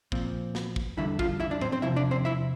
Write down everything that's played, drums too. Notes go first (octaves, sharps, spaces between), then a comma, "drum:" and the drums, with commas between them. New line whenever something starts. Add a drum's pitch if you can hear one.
A#2 F3 C4, drum: kick
drum: snare
drum: kick
E2 D3 G3 D4 E4 E5
F4 F5, drum: kick
E4 E5
D4 D5
C4 C5, drum: tom A2
C4 C5
E2 C3 F3 E4 E5
D4 D5
C4 C5
E4 E5